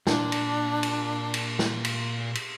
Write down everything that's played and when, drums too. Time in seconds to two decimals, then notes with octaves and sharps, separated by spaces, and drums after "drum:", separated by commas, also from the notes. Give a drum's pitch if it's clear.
0.07 A#2 D4, drum: snare
0.32 drum: cymbal
0.83 drum: cymbal
1.34 drum: cymbal
1.59 drum: snare
1.85 drum: cymbal
2.35 drum: cymbal